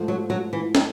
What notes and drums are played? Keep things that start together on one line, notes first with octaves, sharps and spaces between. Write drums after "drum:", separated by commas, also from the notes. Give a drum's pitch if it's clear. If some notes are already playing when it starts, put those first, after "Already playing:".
Already playing: G#2 F3 A3
F#3
F#3
E3
F3 A3, drum: snare